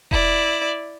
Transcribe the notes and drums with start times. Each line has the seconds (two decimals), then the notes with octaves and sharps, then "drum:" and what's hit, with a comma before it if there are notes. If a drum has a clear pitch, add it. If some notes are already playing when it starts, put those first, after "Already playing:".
0.11 E4 D5, drum: kick E1